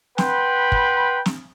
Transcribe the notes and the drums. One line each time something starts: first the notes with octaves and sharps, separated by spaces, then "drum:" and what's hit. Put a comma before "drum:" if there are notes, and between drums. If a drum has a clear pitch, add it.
B4 F#5 G5 B5 C6, drum: snare
drum: kick
drum: snare